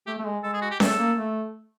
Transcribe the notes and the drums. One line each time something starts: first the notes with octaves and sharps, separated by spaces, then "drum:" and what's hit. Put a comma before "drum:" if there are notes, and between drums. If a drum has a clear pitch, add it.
A3 G4
A3
G#3
G#3 A4
G#4
F#4
G4
A3 A4, drum: snare C#4
A#3
A3